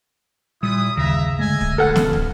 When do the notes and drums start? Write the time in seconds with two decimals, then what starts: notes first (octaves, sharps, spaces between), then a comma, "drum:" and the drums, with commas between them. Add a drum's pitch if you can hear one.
0.63 A#2 G3 E4 D#6
0.97 G1 D#2 C#3 E5 A#5
1.39 D3 G#3 A3 D#5 E5 G#5
1.61 drum: kick
1.78 D#1 F4 A4 B4 F5 F#5
1.96 drum: snare
2.13 drum: kick